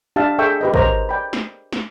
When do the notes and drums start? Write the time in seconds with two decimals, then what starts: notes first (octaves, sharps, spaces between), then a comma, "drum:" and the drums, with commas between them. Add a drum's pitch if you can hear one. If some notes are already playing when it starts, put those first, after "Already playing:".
0.16 D4 G4 E5 F5 A5
0.38 G#4 A4 E5 G5 C#6 E6
0.61 G4 B4 D#5
0.74 A#4 C5 C#5 D#5 A#5, drum: kick
1.09 D5 G5 B5
1.33 drum: snare
1.73 drum: snare